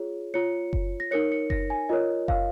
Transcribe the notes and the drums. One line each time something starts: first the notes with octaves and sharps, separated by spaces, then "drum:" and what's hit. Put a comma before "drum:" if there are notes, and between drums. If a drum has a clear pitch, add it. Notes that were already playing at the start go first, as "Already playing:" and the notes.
Already playing: F4 G#4 C#5
F4 C#5 C#7
drum: kick F#1
A#6
D#4 A#4 C#5 C#7
C#7
A#6, drum: kick F#1
G#5
F4 A#4 C#5 D#5
F5, drum: kick F#1